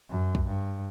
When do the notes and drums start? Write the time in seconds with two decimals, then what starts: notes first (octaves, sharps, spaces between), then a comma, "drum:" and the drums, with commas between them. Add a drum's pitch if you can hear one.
0.10 F#2
0.35 drum: kick
0.47 G2